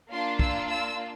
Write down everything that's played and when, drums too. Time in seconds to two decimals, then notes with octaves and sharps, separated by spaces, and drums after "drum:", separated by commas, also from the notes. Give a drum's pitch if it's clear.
0.11 A#3 D4 F4 C6
0.39 E6, drum: kick
0.68 E6